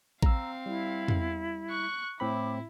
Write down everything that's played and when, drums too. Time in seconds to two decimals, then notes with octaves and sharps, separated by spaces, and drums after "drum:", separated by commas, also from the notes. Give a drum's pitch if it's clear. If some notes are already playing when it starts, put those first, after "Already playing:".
0.23 C4 F5 A#5 E6, drum: kick A1
0.66 G3 E4
1.08 drum: tom E2
1.70 C#6 F#6
2.20 A2 C4 E4 B5 D6